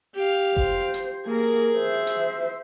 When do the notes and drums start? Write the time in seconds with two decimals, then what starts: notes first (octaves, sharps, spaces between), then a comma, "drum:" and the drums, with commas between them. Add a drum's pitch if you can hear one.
0.15 G4 F5
0.57 C5, drum: kick F#1
0.94 drum: hi-hat
1.27 A#3 G#4 A#4
1.77 C5 E5
2.07 drum: hi-hat